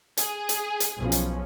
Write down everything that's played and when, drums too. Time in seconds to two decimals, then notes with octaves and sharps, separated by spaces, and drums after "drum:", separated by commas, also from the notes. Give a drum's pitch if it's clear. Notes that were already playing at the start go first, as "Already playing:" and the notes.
0.17 G#4, drum: hi-hat
0.49 drum: hi-hat
0.80 drum: hi-hat
0.99 B1 F3 C#4
1.12 drum: hi-hat